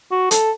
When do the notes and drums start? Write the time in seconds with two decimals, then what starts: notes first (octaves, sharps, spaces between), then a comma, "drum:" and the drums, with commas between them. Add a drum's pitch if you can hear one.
0.11 F#4
0.31 A4, drum: hi-hat